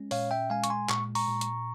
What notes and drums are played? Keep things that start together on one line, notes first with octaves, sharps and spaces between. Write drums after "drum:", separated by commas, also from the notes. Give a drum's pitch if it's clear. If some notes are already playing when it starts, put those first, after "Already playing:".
Already playing: G#3 C#4
A#2 C#5 F5, drum: open hi-hat
E5 G5
G#3 F5 G#5
C#6, drum: hi-hat
G#5 C6
A#2 C#6, drum: clap
A#5 C#6, drum: open hi-hat
A#2
drum: hi-hat